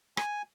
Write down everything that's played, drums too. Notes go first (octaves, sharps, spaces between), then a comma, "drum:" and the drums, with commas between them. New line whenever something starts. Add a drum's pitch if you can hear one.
G#5, drum: rim click